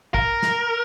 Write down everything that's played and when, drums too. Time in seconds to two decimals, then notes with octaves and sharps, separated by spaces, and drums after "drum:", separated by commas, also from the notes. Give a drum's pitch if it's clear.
0.14 A#4, drum: kick
0.42 drum: snare